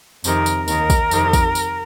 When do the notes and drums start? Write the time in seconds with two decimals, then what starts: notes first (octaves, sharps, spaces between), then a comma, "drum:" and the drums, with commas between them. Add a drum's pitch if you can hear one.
0.24 F2 C3 D#3 A#4, drum: tambourine
0.46 drum: tambourine
0.68 D#2 D#3 A#4, drum: tambourine
0.90 drum: kick, tambourine
1.11 F2 C3 D#3, drum: tambourine
1.33 drum: kick, tambourine
1.55 drum: tambourine